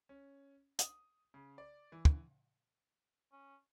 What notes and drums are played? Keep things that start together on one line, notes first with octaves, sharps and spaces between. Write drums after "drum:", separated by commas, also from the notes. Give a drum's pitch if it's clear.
C#4
D#6, drum: hi-hat
C#3
D5
E3
drum: kick
C#4